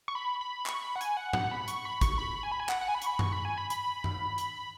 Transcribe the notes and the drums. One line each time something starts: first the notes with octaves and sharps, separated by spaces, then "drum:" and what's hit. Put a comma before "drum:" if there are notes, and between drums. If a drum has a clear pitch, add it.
C#6
B5
B5
C#6, drum: clap
B5
F#5
G#5, drum: hi-hat
F#5
F#5, drum: tom G#2
B5
C#6, drum: hi-hat
B5
C#6, drum: kick, hi-hat
B5
G#5
B5
G#5
F#5, drum: clap
F#5
G#5
B5
C#6, drum: hi-hat
B5
C#6, drum: tom F#2
B5
G#5
B5
B5, drum: hi-hat
drum: tom F#2
drum: hi-hat